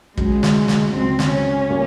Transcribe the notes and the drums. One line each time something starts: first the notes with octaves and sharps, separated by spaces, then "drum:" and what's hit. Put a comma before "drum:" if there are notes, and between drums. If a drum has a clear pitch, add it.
C#2 C#3 F#3 G#3, drum: kick
drum: snare
drum: snare
C#2 C#3 F#3 C4
drum: snare
C#4
G3 A#3